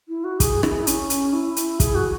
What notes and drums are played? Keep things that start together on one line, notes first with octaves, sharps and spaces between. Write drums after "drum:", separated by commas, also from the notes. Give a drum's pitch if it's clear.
E4
F#4
G#4, drum: kick, hi-hat
E4, drum: rim click
E4
C#4, drum: hi-hat
drum: hi-hat
E4
drum: hi-hat
G#4, drum: kick, hi-hat
F#4